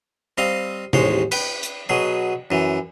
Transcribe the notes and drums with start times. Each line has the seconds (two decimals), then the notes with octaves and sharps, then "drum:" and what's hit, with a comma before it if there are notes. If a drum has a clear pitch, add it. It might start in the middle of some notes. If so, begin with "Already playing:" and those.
0.38 G3 C4 D#5 F5
0.93 A1 D#2 G#3 C5 C#5, drum: tom
1.32 B4 G5, drum: cymbal
1.63 drum: hi-hat
1.89 B2 F#3 G#4
2.51 F#2 E3